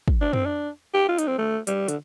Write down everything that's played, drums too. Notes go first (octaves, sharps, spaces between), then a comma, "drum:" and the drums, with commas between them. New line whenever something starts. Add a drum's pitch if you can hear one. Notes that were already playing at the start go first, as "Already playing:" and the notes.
drum: kick
D4
C4, drum: tom
D4
G4
F4
D#4, drum: hi-hat
C4
A3
G3, drum: hi-hat
D3, drum: hi-hat